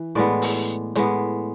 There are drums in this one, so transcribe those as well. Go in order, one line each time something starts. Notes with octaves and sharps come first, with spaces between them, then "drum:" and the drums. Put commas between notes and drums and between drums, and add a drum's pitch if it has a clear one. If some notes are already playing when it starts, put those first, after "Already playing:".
Already playing: E3
A2 G#3 B3 D5
drum: open hi-hat
A2 G#3 B3, drum: hi-hat